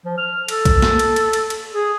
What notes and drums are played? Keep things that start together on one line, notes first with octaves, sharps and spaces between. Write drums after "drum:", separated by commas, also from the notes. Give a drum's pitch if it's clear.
F3
F6
A4, drum: cymbal
drum: kick B1, cymbal
drum: snare
drum: cymbal
drum: cymbal
drum: cymbal
drum: cymbal
G#4